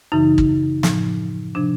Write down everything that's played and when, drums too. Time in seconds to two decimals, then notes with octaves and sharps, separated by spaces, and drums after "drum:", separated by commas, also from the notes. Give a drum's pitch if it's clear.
0.12 F#2 C#3 E3 D#4
0.38 drum: kick
0.83 A2 F3, drum: snare
1.55 C3 F3 D4